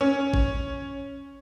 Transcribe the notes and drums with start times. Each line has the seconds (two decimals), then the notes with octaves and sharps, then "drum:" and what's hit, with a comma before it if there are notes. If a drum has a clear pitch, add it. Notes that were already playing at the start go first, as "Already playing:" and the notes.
0.01 C#4
0.34 drum: kick G#1